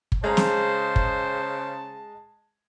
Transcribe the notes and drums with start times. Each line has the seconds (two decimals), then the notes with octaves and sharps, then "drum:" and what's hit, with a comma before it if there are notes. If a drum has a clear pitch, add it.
0.12 drum: kick
0.24 C#3 G#3 C5 A5 A#5
0.37 drum: snare
0.96 drum: kick